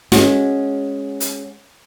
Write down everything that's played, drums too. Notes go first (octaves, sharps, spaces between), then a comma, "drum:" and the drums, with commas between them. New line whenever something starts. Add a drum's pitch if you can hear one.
G#3 C#4 F#4, drum: snare
drum: hi-hat